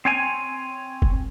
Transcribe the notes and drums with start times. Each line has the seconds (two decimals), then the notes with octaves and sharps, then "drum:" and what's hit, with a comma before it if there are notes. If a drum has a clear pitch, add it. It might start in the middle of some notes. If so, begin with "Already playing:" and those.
0.05 C4 C#5 G#5
1.02 drum: kick F1